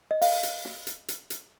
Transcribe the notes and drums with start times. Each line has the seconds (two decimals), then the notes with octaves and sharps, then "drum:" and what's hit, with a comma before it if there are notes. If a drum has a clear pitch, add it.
0.11 D#5
0.22 F5, drum: open hi-hat
0.43 drum: hi-hat
0.65 drum: snare
0.87 drum: hi-hat
1.08 drum: hi-hat
1.30 drum: hi-hat